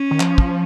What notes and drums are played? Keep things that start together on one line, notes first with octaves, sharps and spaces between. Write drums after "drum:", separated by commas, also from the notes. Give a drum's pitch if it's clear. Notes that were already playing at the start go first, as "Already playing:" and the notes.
Already playing: C#4
D#3
F3, drum: clap
drum: kick